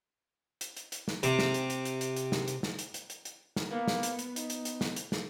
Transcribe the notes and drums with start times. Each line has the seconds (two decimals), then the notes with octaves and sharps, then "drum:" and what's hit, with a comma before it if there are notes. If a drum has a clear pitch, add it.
0.61 drum: hi-hat
0.77 drum: hi-hat
0.92 drum: hi-hat
1.08 drum: snare
1.23 C3, drum: hi-hat
1.39 drum: snare
1.54 drum: hi-hat
1.70 drum: hi-hat
1.85 drum: hi-hat
2.01 drum: hi-hat
2.16 drum: hi-hat
2.32 drum: snare
2.48 drum: hi-hat
2.63 drum: snare
2.79 drum: hi-hat
2.94 drum: hi-hat
3.10 drum: hi-hat
3.25 drum: hi-hat
3.56 drum: snare
3.71 A#3 B3
3.88 drum: snare
4.03 drum: hi-hat
4.19 drum: hi-hat
4.36 D#4, drum: hi-hat
4.50 drum: hi-hat
4.65 drum: hi-hat
4.81 drum: snare
4.96 drum: hi-hat
5.12 drum: snare